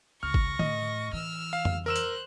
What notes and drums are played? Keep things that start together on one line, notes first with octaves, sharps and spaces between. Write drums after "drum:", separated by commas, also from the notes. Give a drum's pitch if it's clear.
C#2 C#6 F6 A#6
drum: kick G#1
A2 D#5, drum: tom D3
E3 E6 F6
F5
drum: tom F2
A#4 C5 E6 F#6 E7
drum: hi-hat